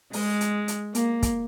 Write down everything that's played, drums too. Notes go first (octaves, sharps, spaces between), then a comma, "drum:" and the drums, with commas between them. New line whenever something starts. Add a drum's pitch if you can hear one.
G#3, drum: open hi-hat
drum: hi-hat
drum: hi-hat
A#3, drum: hi-hat
drum: kick, hi-hat